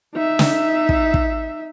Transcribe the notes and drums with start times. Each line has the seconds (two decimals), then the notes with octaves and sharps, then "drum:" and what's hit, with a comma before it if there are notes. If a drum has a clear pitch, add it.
0.14 D#4 E5
0.39 drum: snare
0.89 drum: kick
1.14 drum: kick